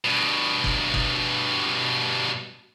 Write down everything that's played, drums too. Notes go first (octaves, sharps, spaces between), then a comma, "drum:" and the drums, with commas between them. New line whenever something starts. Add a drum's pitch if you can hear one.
G2 B2
drum: kick F#1
drum: kick F#1